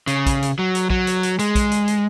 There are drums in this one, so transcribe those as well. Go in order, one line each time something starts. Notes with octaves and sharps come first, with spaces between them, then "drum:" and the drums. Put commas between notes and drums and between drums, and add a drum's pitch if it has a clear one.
C#3, drum: hi-hat
drum: kick, hi-hat
drum: hi-hat
F#3
drum: hi-hat
F#3, drum: kick
drum: hi-hat
drum: hi-hat
G#3, drum: hi-hat
drum: kick, hi-hat
drum: hi-hat
drum: hi-hat